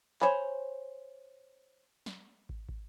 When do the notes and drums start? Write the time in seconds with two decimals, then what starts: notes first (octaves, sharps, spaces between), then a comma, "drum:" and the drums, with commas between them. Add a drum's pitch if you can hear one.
0.21 C5 C#5 G#5 B5, drum: clap
2.06 drum: snare
2.49 drum: kick
2.69 drum: kick